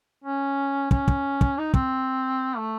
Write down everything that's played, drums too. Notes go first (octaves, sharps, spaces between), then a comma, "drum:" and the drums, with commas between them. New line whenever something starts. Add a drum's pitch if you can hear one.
C#4
C#4, drum: kick
drum: kick
drum: kick
D#4
C4, drum: kick
A3